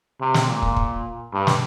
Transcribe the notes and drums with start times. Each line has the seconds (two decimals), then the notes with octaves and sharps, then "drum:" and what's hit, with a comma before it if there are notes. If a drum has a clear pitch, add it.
0.20 C3
0.34 drum: snare
0.48 A#2
0.62 drum: kick
0.77 drum: kick
1.33 G2
1.47 drum: snare